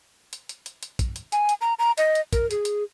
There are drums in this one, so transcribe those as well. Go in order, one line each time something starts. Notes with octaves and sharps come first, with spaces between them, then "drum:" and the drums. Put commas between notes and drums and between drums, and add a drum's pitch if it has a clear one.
drum: hi-hat
drum: hi-hat
drum: hi-hat
drum: hi-hat
drum: kick, hi-hat
drum: hi-hat
G#5, drum: hi-hat
drum: hi-hat
A#5
A#5
D#5, drum: hi-hat
drum: hi-hat
A#4, drum: kick, hi-hat
G#4, drum: hi-hat
drum: hi-hat